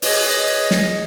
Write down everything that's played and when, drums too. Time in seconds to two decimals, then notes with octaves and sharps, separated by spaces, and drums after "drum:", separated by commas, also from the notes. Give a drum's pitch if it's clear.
0.02 G#4 B4 C#5 D#5, drum: open hi-hat
0.71 drum: snare